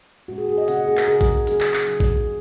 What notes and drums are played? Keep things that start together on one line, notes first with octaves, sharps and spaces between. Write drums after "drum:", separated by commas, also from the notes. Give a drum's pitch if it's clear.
A#2 G#3 C#4 F#4
G#4
G#4
D#5
C#3 A#3 C#4 F#5, drum: hi-hat
D#5
G#4
A#4, drum: clap
C#3 A#3 C#4 G#4
drum: kick A1, hi-hat
C#3 F#3 D#4 G#4, drum: hi-hat
drum: clap
drum: clap
C#3 F#3 D#4
drum: kick A1, hi-hat